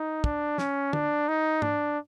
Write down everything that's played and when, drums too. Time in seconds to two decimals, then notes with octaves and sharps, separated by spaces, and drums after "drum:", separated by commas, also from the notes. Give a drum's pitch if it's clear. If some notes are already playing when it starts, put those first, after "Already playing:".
Already playing: D#4
0.24 D4, drum: kick
0.58 C#4, drum: snare
0.93 D4, drum: tom
1.28 D#4
1.62 D4, drum: tom G#2